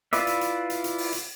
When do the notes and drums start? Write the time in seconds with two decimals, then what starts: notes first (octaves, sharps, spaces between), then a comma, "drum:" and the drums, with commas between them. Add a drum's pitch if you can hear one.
0.13 E4 F4 B4 D5 E5, drum: hi-hat
0.27 drum: hi-hat
0.41 drum: hi-hat
0.70 drum: hi-hat
0.84 drum: hi-hat
0.98 drum: open hi-hat
1.12 drum: hi-hat